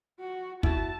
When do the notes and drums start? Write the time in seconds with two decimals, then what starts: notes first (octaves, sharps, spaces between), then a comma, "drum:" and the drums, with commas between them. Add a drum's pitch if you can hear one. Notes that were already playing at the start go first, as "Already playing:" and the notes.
0.20 F#4
0.63 E4 F#4 A5, drum: kick